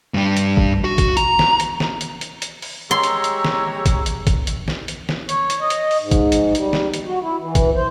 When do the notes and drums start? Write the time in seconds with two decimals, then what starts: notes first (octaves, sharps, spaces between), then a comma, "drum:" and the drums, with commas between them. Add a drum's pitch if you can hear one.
0.14 G2 D4
0.37 drum: hi-hat
0.57 drum: kick
0.84 F#4
0.98 drum: kick, hi-hat
1.17 A#5, drum: hi-hat
1.39 drum: snare
1.60 drum: hi-hat
1.80 drum: snare
2.01 drum: hi-hat
2.21 drum: hi-hat
2.42 drum: hi-hat
2.62 drum: open hi-hat
2.91 G#3 G4 C#5 A#5 C6 E6
3.03 drum: hi-hat
3.24 drum: hi-hat
3.45 drum: snare
3.86 drum: kick, hi-hat
4.06 drum: hi-hat
4.27 drum: kick, hi-hat
4.47 drum: hi-hat
4.68 drum: snare
4.88 drum: hi-hat
5.09 drum: snare
5.29 C#5, drum: hi-hat
5.50 drum: hi-hat
5.61 D#5
5.70 drum: hi-hat
5.91 drum: open hi-hat
6.01 G#2
6.11 drum: kick, hi-hat
6.32 drum: hi-hat
6.55 G3, drum: hi-hat
6.73 drum: snare
6.94 drum: hi-hat
7.06 F#4
7.22 E4
7.40 E3
7.55 drum: kick, hi-hat
7.76 C5